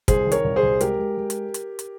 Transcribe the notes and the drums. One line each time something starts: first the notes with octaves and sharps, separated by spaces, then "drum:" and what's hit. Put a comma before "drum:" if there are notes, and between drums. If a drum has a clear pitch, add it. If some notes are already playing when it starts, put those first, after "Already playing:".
C2 G#4 C5, drum: kick, hi-hat
D#3
A#4 C#5, drum: hi-hat
C2
G#4 C5
C2
G#3 G4 A#4, drum: hi-hat
G#3
G#3
drum: hi-hat
drum: hi-hat
drum: hi-hat